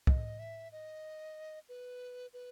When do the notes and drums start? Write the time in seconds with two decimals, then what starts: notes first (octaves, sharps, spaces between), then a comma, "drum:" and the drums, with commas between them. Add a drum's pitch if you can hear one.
0.07 D#5, drum: kick
0.39 E5
0.72 D#5
1.69 B4
2.33 B4